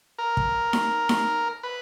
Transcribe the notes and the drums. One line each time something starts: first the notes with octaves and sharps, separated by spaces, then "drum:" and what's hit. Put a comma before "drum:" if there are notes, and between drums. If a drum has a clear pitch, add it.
A#4
drum: kick
drum: snare D#4
drum: snare D#4
B4